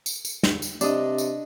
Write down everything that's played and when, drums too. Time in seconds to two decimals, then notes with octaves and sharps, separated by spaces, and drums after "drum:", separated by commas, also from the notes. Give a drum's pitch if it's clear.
0.06 drum: tambourine
0.25 drum: tambourine
0.43 drum: snare
0.62 drum: tambourine
0.81 C3 D4 D#5, drum: tambourine
1.18 drum: tambourine